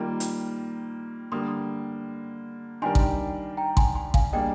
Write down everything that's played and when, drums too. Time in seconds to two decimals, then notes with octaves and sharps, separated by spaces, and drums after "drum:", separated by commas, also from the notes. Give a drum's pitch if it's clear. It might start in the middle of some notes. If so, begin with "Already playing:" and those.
Already playing: D#3 G3 A#3 F4
0.20 drum: hi-hat
1.32 D3 G3 A#3 C6 D#6
2.82 D#3 G3 D4 G4 A#4 G#5 C6
2.95 drum: kick A1
3.57 G5 A#5
3.77 G#5 C6, drum: kick A1
3.95 G#5 C6
4.14 F5 G#5, drum: kick A1
4.33 G3 A#3 D4 G#4 D#5 G5